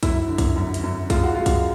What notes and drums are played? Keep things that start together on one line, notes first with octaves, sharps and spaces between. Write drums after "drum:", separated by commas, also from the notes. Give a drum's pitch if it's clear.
F#2 E4, drum: kick, hi-hat
D3
drum: kick, hi-hat
F#2
drum: hi-hat
F#2
G#3 F4, drum: kick, hi-hat
F#4
G#3 F4
drum: kick, hi-hat